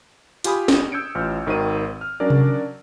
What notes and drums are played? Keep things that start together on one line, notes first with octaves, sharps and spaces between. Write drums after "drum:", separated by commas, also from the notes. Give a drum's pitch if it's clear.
F4 G4 G#5 B5 D#6, drum: hi-hat
drum: snare
E6 G6 G#6 C#7 D7
A1 F4 F6
G#1 D#3 F#4 C5 D#7
F6
F#3 C#4 D4 A#4 D5
drum: tom C3